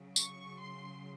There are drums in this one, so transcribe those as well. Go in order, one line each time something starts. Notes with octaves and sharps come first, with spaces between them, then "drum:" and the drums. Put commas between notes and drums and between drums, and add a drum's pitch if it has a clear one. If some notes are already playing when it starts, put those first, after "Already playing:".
Already playing: C#3 F#3
C#6, drum: tambourine
C6